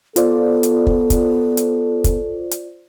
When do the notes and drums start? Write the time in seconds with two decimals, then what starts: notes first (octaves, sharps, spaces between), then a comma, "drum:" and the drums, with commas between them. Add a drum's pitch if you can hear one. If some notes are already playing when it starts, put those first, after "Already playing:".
0.16 B3 F4 A4 C5 D5, drum: hi-hat
0.63 drum: hi-hat
0.87 drum: kick
1.10 drum: kick, hi-hat
1.57 drum: hi-hat
2.04 drum: kick, hi-hat
2.51 drum: hi-hat